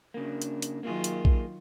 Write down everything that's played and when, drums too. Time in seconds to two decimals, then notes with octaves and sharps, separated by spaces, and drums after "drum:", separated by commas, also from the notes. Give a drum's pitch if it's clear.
0.14 C#3 A#3 D4
0.42 drum: hi-hat
0.62 drum: hi-hat
0.83 D#3 F#3 A#3 F4 G#4
1.04 drum: hi-hat
1.25 drum: kick A#1